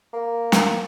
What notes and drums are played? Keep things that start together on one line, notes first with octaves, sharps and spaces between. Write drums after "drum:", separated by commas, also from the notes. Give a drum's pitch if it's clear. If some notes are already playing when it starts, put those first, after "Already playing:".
A#3
drum: snare